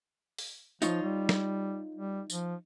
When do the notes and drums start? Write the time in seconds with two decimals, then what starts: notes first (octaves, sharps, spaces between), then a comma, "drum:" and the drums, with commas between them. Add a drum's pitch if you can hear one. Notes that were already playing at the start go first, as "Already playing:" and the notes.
0.38 drum: open hi-hat
0.82 F3 D#4 F4 C#5, drum: tambourine
1.03 G3
1.29 drum: snare
1.95 G3
2.30 F3, drum: tambourine